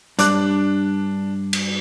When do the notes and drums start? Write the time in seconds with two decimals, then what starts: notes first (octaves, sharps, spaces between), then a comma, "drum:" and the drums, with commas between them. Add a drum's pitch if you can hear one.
0.19 G2 D4 D6 F#6, drum: hi-hat
1.53 drum: cymbal